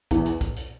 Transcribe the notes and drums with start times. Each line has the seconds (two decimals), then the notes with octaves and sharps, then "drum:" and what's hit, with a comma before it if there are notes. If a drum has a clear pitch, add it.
0.11 E2, drum: kick B1, hi-hat
0.26 drum: hi-hat
0.41 drum: kick B1, hi-hat
0.56 drum: hi-hat